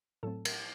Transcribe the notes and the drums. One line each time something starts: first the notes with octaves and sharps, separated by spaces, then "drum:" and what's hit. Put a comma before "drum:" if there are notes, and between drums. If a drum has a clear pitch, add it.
A2 F#3 A3 C4 A4 A5
A#4, drum: cymbal